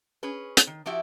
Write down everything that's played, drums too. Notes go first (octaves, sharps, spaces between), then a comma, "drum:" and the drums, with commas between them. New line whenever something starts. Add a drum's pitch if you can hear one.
C#4 G#4 B4
drum: hi-hat
D#3
F3 E4 F#4 G4 E5